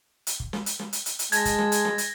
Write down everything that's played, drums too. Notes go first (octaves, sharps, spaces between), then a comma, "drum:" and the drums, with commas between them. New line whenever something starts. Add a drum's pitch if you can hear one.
drum: hi-hat
drum: kick
drum: snare
drum: hi-hat
drum: snare
drum: hi-hat
drum: hi-hat
drum: hi-hat
G#3 A5 G#6 A#6, drum: hi-hat
drum: kick, hi-hat
drum: snare
drum: hi-hat
drum: snare
drum: hi-hat